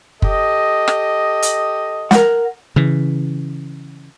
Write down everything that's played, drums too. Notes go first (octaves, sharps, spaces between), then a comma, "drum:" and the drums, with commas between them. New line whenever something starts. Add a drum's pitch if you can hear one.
G4 A4 D#5, drum: kick
drum: rim click
drum: hi-hat
A#4 F#5, drum: snare
C#3 E3